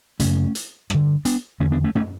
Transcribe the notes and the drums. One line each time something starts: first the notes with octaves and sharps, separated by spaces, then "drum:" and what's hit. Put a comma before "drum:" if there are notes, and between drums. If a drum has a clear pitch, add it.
F#2 C#3 A3 C#4, drum: hi-hat
drum: hi-hat
G2 D3, drum: rim click
B3 D4, drum: hi-hat
E2 D3 A3 C#4
B3 D4
A3 C#4
A3 C#4, drum: tom F#2